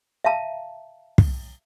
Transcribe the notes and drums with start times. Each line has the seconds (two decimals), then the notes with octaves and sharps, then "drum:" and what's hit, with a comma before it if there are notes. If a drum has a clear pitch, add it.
0.24 E5 F5 A5 A#5
1.18 drum: kick